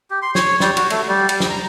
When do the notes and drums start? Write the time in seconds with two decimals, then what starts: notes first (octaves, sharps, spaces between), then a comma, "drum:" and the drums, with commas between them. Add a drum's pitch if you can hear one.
0.10 G4
0.22 C6
0.35 C#5, drum: snare
0.60 G3, drum: snare
0.77 F#4, drum: cymbal
0.90 A3, drum: cymbal
1.08 G3
1.29 G3, drum: cymbal
1.40 drum: snare
1.50 A#5